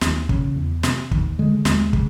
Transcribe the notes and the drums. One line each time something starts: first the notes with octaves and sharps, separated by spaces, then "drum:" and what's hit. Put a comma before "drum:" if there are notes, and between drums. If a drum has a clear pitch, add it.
D#2, drum: snare
C#3, drum: kick
E2
C3, drum: snare
D#2, drum: kick
D3 G#3
D#2 G#3, drum: snare
C#3, drum: kick